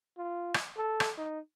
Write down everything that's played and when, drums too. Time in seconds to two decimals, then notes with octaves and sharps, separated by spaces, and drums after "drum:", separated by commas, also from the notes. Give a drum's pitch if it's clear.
0.18 F4
0.54 drum: rim click
0.77 A4
1.00 drum: rim click
1.18 D#4